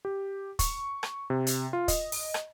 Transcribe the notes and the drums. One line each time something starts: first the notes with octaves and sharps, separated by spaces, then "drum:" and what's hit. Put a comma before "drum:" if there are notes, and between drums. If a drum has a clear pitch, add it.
G4
C#6, drum: kick, hi-hat
drum: rim click
C3
drum: hi-hat
F4
D#5, drum: kick, hi-hat
drum: open hi-hat
drum: rim click